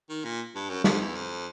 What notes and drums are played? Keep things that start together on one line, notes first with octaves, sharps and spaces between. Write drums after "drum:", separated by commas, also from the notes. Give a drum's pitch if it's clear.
D#3
A#2
G2
F#2
F2, drum: snare
E2
F2